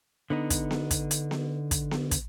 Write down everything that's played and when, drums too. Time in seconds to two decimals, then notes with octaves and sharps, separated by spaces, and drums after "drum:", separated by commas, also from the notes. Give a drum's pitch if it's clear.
0.30 D3 B3 D#4
0.50 drum: kick, hi-hat
0.71 drum: snare B3
0.91 drum: kick, hi-hat
1.11 drum: hi-hat
1.31 drum: snare B3
1.71 drum: kick, hi-hat
1.91 drum: snare B3
2.11 drum: kick, hi-hat